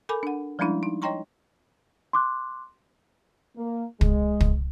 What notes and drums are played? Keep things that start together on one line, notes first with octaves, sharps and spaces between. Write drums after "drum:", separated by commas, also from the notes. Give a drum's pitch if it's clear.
A4 A#4 G#5 B5 D6
D4 F#5
F3 G3 G#3 C#4 D4 E4
D#4
C#5 D#5 G5 A#5 C6 C#6
C6 D6 F#6
A#3
G#3, drum: kick
drum: kick